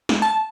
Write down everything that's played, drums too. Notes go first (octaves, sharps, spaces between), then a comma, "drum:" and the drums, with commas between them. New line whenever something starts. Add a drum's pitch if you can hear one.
drum: snare
A5